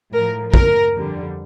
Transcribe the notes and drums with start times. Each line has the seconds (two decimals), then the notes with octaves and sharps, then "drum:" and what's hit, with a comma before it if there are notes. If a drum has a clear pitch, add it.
0.13 A2 F3 A#4
0.54 A#4, drum: kick A#1
0.94 F2 D3 G3